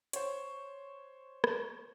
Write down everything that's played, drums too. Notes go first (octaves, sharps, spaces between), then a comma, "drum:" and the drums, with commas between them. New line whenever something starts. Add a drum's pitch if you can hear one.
C5 C#5, drum: hi-hat
drum: rim click